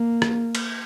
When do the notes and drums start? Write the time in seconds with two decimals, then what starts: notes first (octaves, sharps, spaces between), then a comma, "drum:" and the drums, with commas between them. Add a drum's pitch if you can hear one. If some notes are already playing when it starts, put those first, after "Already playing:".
Already playing: A#3
0.22 drum: rim click
0.55 drum: cymbal